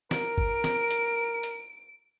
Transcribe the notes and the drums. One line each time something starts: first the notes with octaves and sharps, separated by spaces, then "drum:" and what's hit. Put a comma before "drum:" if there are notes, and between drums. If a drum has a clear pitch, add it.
A#4 D7, drum: snare
drum: kick F#1
drum: snare
drum: hi-hat
drum: hi-hat